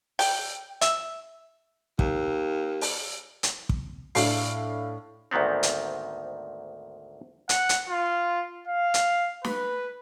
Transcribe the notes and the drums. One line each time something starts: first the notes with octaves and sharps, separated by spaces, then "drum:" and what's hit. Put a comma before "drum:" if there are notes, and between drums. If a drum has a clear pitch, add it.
G5, drum: open hi-hat
E5, drum: hi-hat
D#2, drum: kick
drum: open hi-hat
drum: hi-hat
drum: kick
A2 D4 F5 C7, drum: open hi-hat
D2 G#2 D#3 B3 C4
drum: hi-hat
F#5, drum: hi-hat
drum: hi-hat
F4
F5
drum: hi-hat
B4, drum: snare